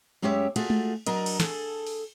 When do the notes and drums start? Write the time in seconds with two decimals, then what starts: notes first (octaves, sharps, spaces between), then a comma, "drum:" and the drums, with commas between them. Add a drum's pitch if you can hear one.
0.22 F#2 G#3 C#4 G4 C#5 E5
0.56 A3 F4 F#4 G#4, drum: cymbal
0.70 drum: tom G#3
1.06 F#3 D4 A#4 D#5, drum: cymbal
1.26 drum: cymbal
1.40 G#4 A4, drum: snare
1.87 drum: open hi-hat